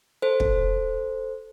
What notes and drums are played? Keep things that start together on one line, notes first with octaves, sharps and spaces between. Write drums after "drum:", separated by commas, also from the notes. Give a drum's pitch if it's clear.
A4 C5
drum: kick